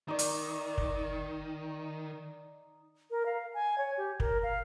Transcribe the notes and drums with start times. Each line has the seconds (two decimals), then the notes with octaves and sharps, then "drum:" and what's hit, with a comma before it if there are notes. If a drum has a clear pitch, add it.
0.08 D#3 D#4 D5
0.19 drum: hi-hat
0.78 drum: kick
3.11 A#4
3.26 F5
3.54 G#5
3.78 C#5
3.97 G4
4.20 A#4, drum: kick
4.43 F5